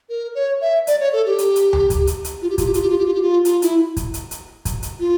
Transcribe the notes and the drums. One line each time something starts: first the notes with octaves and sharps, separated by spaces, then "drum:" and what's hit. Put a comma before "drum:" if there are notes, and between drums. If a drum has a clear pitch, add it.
A#4
C#5
E5
D5, drum: hi-hat
C#5
A4
G4
drum: hi-hat
drum: hi-hat
drum: tom D2
drum: kick, hi-hat
drum: hi-hat
drum: hi-hat
F4
G4
F4, drum: kick, hi-hat
G4
F4, drum: hi-hat
G4
F4
G4
F4
G4
F4
F4, drum: hi-hat
E4, drum: hi-hat
drum: kick, hi-hat
drum: hi-hat
drum: hi-hat
drum: kick, hi-hat
drum: hi-hat
F4